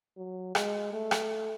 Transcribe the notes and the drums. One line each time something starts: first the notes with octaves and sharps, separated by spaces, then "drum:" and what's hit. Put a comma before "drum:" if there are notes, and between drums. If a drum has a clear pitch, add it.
F#3
G#3, drum: rim click
A3
drum: rim click